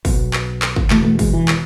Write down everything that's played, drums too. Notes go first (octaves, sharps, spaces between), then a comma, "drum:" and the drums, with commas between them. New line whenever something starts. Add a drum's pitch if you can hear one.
B1 B2, drum: kick, open hi-hat
drum: clap
drum: clap
drum: kick
E1 E2 B2 A3, drum: clap
A3
G#3, drum: kick, open hi-hat
E3
drum: clap